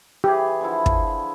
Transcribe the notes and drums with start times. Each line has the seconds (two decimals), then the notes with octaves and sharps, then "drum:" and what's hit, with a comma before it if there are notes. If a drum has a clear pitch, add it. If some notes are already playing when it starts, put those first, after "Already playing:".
0.24 E3 G4 G#4
0.61 D3 F3 E4
0.86 drum: kick